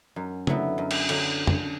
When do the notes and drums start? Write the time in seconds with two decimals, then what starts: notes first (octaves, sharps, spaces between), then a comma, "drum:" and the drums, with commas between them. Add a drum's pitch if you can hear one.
0.16 F#2
0.47 D3 F#3 B3 E4, drum: tom C#3
0.78 F#2
0.91 drum: cymbal
1.09 D3 F#3, drum: cymbal
1.47 drum: tom